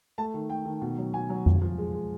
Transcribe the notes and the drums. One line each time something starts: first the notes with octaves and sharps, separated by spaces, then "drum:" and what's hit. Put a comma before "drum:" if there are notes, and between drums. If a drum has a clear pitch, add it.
A3 A5
D#3
A3 G5
D#3
B2
F#3
B2 G#5
F#3
F3, drum: tom F2
F3
G#3
G#3